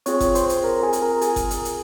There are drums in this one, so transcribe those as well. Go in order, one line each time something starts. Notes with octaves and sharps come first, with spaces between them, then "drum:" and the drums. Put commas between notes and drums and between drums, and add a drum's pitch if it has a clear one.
C4 F4 G#4 C#5 C#6, drum: hi-hat
drum: kick F#1, hi-hat
C5 C6, drum: hi-hat
drum: hi-hat
A#4 A#5
G#4 G#5
drum: hi-hat
A#4 A#5
G#4 G#5, drum: hi-hat
drum: kick F#1, hi-hat
drum: hi-hat
drum: hi-hat